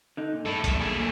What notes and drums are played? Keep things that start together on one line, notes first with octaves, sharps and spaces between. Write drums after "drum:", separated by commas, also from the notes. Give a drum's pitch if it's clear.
D3 D#4
A#2
G2 D4 E4 A4
B1 E5, drum: kick A#1, hi-hat
A#3 G#4 A4
D#2 A#2